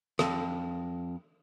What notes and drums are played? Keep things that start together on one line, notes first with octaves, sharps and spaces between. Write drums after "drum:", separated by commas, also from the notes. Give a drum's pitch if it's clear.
F2, drum: rim click